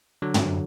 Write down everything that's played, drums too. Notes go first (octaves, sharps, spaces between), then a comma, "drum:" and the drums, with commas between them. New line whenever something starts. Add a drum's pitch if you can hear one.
D3 F#3
drum: tom